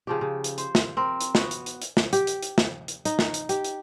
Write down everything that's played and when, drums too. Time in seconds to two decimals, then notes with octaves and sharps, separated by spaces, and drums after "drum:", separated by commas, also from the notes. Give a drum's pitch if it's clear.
0.07 C#3 F3 G4
0.21 C#3
0.44 drum: hi-hat
0.58 C5, drum: hi-hat
0.75 drum: snare
0.97 C4 A#4
1.21 drum: hi-hat
1.35 B3 F#4, drum: snare
1.51 drum: hi-hat
1.66 drum: hi-hat
1.82 drum: hi-hat
1.97 drum: snare
2.13 G4, drum: hi-hat
2.27 drum: hi-hat
2.43 drum: hi-hat
2.58 drum: snare
2.88 drum: hi-hat
3.05 D#4, drum: hi-hat
3.19 drum: snare
3.34 drum: hi-hat
3.49 G4, drum: hi-hat
3.64 drum: hi-hat